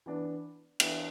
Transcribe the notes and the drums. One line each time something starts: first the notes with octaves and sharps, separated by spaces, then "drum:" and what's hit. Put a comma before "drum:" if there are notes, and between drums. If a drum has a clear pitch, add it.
E3 B3 D4
E3 B3 D4, drum: cymbal